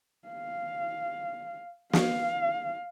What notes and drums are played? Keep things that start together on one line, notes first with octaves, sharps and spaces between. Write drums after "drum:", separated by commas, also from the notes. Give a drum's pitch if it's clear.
F5
F5, drum: snare